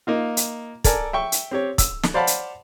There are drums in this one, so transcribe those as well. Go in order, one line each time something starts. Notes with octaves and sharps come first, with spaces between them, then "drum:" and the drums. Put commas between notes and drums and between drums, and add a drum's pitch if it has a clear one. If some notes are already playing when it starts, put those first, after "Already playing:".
A#3 D#4 F4
drum: hi-hat
A4 A#4 D5 G#5, drum: kick, hi-hat
E5 G5 C#6
drum: hi-hat
C4 G4 C#5
E6, drum: kick, hi-hat
drum: snare
C5 D5 F5 F#5 A5 B5
drum: hi-hat